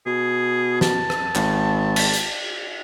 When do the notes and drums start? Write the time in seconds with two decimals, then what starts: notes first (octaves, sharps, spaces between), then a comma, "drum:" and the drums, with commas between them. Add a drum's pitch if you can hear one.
0.06 B2 G#4
0.81 A5, drum: snare
1.10 drum: rim click
1.35 G#1, drum: clap
1.96 drum: cymbal
2.13 drum: hi-hat